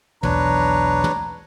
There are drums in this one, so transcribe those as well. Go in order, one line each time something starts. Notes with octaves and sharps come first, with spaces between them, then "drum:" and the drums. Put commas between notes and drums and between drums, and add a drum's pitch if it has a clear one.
B1 E2 D4 B4 C#5 A#5, drum: tom
drum: tom